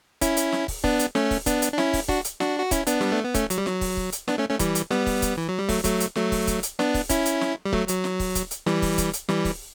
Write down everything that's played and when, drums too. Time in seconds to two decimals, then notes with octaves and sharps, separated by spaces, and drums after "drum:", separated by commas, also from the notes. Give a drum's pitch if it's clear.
0.21 C#4 E4, drum: kick, hi-hat
0.37 drum: hi-hat
0.52 drum: snare
0.68 drum: kick, open hi-hat
0.84 B3 D4, drum: kick
0.99 drum: hi-hat
1.15 A3 C#4, drum: snare
1.31 drum: kick, open hi-hat
1.46 B3 D4, drum: kick, hi-hat
1.62 drum: hi-hat
1.73 D4
1.78 C#4 E4, drum: snare
1.93 drum: kick, open hi-hat
2.08 D4 F#4, drum: kick
2.25 drum: hi-hat
2.40 D4 F#4, drum: snare
2.60 F#4
2.71 C#4 E4, drum: kick, hi-hat
2.87 B3 D4, drum: hi-hat
3.01 G3, drum: snare
3.12 A3
3.24 B3
3.35 A3 C#4, drum: kick, hi-hat
3.50 F#3, drum: hi-hat
3.58 G3
3.66 F#3, drum: snare
3.81 drum: kick, open hi-hat
3.97 drum: kick
4.13 drum: hi-hat
4.28 B3 D4, drum: snare
4.38 A3 C#4
4.49 A3 C#4
4.59 E3 G3, drum: kick, hi-hat
4.75 drum: hi-hat
4.91 G3 B3, drum: snare
5.06 drum: kick, open hi-hat
5.22 drum: kick, hi-hat
5.37 E3
5.49 F#3
5.59 G3
5.69 F#3 A3, drum: kick, open hi-hat
5.84 F#3 A3, drum: kick, hi-hat
6.00 drum: hi-hat
6.15 F#3 A3, drum: snare
6.32 drum: kick, open hi-hat
6.47 drum: kick, hi-hat
6.63 drum: hi-hat
6.79 B3 D4, drum: snare
6.94 drum: kick, open hi-hat
7.10 C#4 E4, drum: kick, hi-hat
7.26 drum: hi-hat
7.41 drum: snare
7.65 G3
7.73 F#3 A3, drum: kick
7.88 F#3, drum: hi-hat
8.04 drum: snare
8.20 drum: kick, open hi-hat
8.35 drum: kick, hi-hat
8.51 drum: hi-hat
8.66 E3 G3, drum: snare
8.82 drum: kick, open hi-hat
8.98 drum: kick, hi-hat
9.14 drum: hi-hat
9.29 E3 G3, drum: snare
9.45 drum: kick, open hi-hat